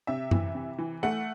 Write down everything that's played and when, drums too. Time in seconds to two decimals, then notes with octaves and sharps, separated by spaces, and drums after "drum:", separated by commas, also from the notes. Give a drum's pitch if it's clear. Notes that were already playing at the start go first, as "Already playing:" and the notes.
0.07 C3 E5
0.31 E3, drum: tom F#2
0.55 C3
0.78 E3
1.03 A3 F#5